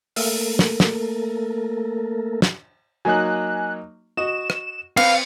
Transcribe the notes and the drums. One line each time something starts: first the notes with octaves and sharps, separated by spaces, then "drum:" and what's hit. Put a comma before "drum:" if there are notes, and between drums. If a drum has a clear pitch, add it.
A3 A#3 A4 A#4, drum: open hi-hat
drum: snare
drum: snare
drum: snare
F#3 A#3 D#4 G#5 F#6
F#4 D#5 E7
drum: rim click
C4 B4 F5, drum: cymbal